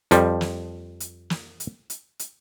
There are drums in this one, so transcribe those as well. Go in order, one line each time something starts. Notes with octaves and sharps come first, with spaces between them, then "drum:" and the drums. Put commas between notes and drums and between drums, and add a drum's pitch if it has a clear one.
F2 F3 G3, drum: hi-hat
drum: snare
drum: hi-hat
drum: snare
drum: hi-hat
drum: hi-hat
drum: hi-hat